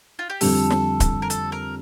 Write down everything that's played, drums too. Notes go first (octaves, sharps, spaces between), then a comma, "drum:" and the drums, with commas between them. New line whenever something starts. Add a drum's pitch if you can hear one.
F4
G4
F2 D3 G3 A4, drum: open hi-hat
drum: snare
drum: kick D1, hi-hat
A#4
A4, drum: hi-hat
A#4